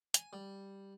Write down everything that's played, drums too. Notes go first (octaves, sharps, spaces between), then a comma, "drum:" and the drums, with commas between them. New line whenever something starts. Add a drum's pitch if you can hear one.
G#5, drum: hi-hat
G3